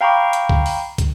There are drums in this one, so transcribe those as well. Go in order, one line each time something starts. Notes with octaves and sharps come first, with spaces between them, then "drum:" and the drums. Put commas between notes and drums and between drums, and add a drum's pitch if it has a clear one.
F5 G5 A#5 B5 C#6 D6
drum: hi-hat
drum: kick
drum: open hi-hat
drum: kick, hi-hat